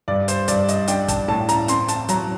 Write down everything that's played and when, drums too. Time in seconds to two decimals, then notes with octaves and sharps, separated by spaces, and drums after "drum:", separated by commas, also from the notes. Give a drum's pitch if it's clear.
0.08 G2 D5
0.28 C5, drum: hi-hat
0.48 G2 D5, drum: hi-hat
0.69 D#5, drum: hi-hat
0.88 D4 G5, drum: hi-hat
1.08 A5, drum: kick, hi-hat
1.28 A2 A5
1.49 A#5, drum: hi-hat
1.68 C4 C6, drum: hi-hat
1.89 A5, drum: hi-hat
2.09 F#3 A#5, drum: hi-hat